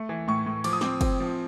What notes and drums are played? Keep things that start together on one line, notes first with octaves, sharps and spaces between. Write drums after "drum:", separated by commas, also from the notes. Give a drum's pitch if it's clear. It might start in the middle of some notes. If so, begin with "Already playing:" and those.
Already playing: A3
E3
A2 C#6
A2
F3 D6, drum: cymbal
D#6
C4 D6, drum: snare
C4, drum: kick, cymbal
F3